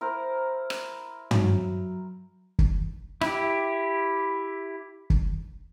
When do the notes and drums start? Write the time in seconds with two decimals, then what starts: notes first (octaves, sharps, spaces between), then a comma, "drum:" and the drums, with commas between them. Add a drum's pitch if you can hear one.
0.01 E4 A#4 C5
0.70 drum: rim click
1.31 F#3, drum: tom
2.59 drum: kick
3.21 E4 G4, drum: rim click
5.10 drum: kick